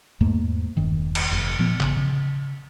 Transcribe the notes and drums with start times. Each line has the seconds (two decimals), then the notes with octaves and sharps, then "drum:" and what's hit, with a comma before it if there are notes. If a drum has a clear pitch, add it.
0.21 E2 G#2 A3 A#3
0.77 E1 G2 D#3
1.15 drum: cymbal
1.31 F1
1.59 A#2 F3 B3
1.80 A1 G#2 C#3, drum: clap
1.97 C#3